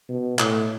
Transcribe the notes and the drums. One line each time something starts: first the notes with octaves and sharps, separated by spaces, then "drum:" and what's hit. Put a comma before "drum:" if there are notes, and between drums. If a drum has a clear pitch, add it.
B2
A2, drum: clap